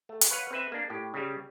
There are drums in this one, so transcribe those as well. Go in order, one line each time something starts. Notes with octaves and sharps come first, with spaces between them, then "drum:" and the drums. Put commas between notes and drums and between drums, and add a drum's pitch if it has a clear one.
A3
drum: hi-hat
B4 C#5 F5 F#5
C4 B4 E5
A#3 D4
A2 G4
C#3 G3